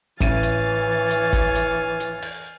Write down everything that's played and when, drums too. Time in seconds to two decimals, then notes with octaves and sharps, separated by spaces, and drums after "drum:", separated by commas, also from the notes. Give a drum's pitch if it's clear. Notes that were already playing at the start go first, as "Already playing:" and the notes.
0.20 A1 E3 C#5 F5 G#5 A6 D#7, drum: kick G1, hi-hat
0.43 drum: hi-hat
1.10 drum: hi-hat
1.33 drum: kick G1, hi-hat
1.55 drum: hi-hat
2.00 drum: hi-hat
2.22 drum: open hi-hat